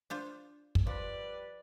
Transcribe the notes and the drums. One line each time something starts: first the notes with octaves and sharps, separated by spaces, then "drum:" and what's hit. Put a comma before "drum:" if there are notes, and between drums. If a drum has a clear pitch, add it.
D4 F4 C5
drum: kick
F3 G3 B4 D5